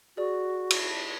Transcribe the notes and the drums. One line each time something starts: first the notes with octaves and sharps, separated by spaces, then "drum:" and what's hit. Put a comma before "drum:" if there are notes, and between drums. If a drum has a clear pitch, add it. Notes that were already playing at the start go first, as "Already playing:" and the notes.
F#4 G#4 D5
drum: cymbal